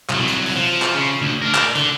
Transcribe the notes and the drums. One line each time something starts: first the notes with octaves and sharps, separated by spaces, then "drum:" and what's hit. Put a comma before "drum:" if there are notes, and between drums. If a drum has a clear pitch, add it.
C2 F#3, drum: clap
drum: hi-hat
drum: open hi-hat
F3
drum: clap
C#3
D2
D4 A#4
drum: clap
D3, drum: hi-hat